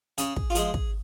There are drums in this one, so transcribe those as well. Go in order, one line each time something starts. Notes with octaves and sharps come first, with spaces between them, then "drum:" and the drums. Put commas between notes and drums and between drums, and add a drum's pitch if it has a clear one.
C#3 G#4, drum: hi-hat
drum: kick
F4
F3 G#3 G#4, drum: hi-hat
drum: kick